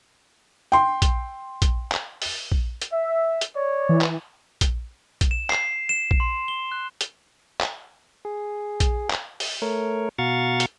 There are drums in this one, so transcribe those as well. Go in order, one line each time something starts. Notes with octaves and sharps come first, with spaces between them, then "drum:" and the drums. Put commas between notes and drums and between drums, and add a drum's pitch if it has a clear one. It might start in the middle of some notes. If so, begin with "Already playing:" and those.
G5 C6
drum: kick A#1, hi-hat
drum: kick A#1, hi-hat
drum: clap
drum: open hi-hat
drum: kick A#1
drum: hi-hat
E5
drum: hi-hat
C#5 D5
E3
drum: clap
drum: kick A#1, hi-hat
drum: kick A#1, hi-hat
E7
C7, drum: clap
E7
drum: kick A#1
C6
G7
F#6
drum: hi-hat
drum: clap
G#4
drum: kick A#1, hi-hat
drum: clap
drum: open hi-hat
A3 A#4 C#5
B2 F#4 F5 A#5 C#6 A6
drum: hi-hat